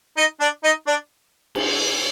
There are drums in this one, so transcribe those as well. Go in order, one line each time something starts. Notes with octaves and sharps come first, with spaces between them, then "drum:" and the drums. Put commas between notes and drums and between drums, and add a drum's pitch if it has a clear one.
D#4 D#5
D4 D5
D#4 D#5
D4 D5
drum: cymbal